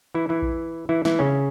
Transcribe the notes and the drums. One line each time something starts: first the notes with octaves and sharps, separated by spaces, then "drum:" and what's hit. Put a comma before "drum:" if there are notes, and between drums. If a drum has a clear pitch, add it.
E3 E4
E3 E4
drum: kick A#1
E3 E4
E3 E4, drum: snare
C#3 C#4